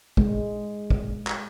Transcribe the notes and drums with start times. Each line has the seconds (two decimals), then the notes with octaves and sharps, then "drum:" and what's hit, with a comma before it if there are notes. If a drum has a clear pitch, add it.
0.17 G#3, drum: kick
0.90 drum: kick
1.27 drum: clap